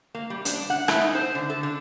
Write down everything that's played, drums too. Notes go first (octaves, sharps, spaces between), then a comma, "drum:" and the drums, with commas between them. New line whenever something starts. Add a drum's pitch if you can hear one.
A#3
G3
D4, drum: hi-hat
F#5
E4, drum: rim click
D#4
C5
D3
A4
D3